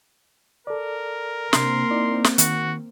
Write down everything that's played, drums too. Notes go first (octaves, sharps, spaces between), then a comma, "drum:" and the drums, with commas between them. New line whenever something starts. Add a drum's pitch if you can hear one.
A4 A#4 D5
C3 A#3 C4 D4 C6, drum: snare
D#4 E4 D5
drum: snare
D#3 F#4, drum: hi-hat